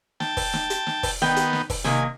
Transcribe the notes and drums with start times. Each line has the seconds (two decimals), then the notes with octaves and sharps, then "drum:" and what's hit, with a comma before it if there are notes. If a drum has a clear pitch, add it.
0.20 G5 A5, drum: snare
0.37 drum: kick, open hi-hat
0.53 drum: snare
0.70 drum: hi-hat
0.87 drum: snare
1.03 drum: kick, open hi-hat
1.22 D#3 B3 G5, drum: snare
1.36 drum: hi-hat
1.53 drum: snare
1.70 drum: kick, open hi-hat
1.84 C3 D#3 A#3 G#5, drum: snare